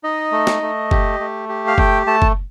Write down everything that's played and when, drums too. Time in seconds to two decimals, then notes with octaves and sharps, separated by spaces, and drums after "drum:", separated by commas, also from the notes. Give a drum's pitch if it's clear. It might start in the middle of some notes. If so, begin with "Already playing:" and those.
0.03 D#4 D#5
0.32 A3
0.47 drum: snare
0.62 A3
0.91 G4, drum: kick F#1
1.20 A3
1.49 G4
1.67 F5
1.78 A3 G5, drum: kick F#1
2.07 A3 A5
2.22 drum: kick F#1